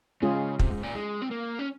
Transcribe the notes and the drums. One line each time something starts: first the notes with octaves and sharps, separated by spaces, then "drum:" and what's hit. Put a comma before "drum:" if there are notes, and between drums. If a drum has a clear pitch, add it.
C#3 G#3 C#4 F4 G#4
C3, drum: kick
G#2
A#2
G#3
C4
A#3
C#4